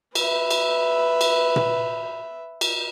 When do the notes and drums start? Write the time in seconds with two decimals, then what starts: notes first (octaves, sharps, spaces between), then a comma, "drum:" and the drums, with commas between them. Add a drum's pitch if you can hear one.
0.15 B4 E5, drum: cymbal
0.51 drum: cymbal
1.21 drum: cymbal
1.56 drum: tom A#2
2.61 drum: cymbal